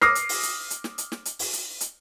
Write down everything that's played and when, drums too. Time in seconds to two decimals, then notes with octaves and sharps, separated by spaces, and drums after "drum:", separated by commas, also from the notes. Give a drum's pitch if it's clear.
0.02 D6 D#6 F6 A#6 C7, drum: snare
0.15 drum: hi-hat
0.29 drum: open hi-hat
0.43 drum: hi-hat
0.70 drum: hi-hat
0.84 drum: snare
0.98 drum: hi-hat
1.12 drum: snare
1.25 drum: hi-hat
1.39 drum: open hi-hat
1.53 drum: hi-hat
1.81 drum: hi-hat